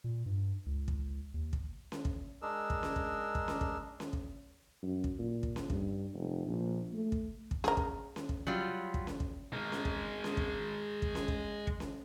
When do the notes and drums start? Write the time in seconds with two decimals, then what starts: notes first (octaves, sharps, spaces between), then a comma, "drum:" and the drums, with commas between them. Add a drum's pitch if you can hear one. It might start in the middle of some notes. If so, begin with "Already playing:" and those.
0.04 A#2
0.26 G2
0.66 C#2
0.88 drum: kick
1.34 D#2
1.53 drum: kick
1.92 drum: snare C#4
2.05 drum: kick
2.42 G#3 D4 G#4 A#4 E6
2.70 drum: kick
2.83 drum: snare C#4
2.96 drum: kick
3.35 drum: kick
3.48 drum: snare C#4
3.61 drum: kick
4.00 drum: snare C#4
4.13 drum: kick
4.83 F#2
5.04 drum: kick
5.19 A#2
5.43 drum: kick
5.56 drum: snare C#4
5.70 G2, drum: kick
6.13 F1
6.46 A#1
6.93 A3
7.12 drum: kick
7.51 drum: kick
7.64 G#4 A#4, drum: snare C#4
7.77 drum: kick
8.16 drum: snare C#4
8.29 drum: kick
8.47 F#3 G3 F4
8.94 drum: kick
9.07 drum: snare C#4
9.20 drum: kick
9.53 G#3 A#4
9.72 drum: snare C#4
9.85 drum: kick
10.24 drum: snare C#4
10.37 drum: kick
11.02 drum: kick
11.15 drum: snare C#4
11.28 drum: kick
11.67 drum: kick
11.80 drum: snare C#4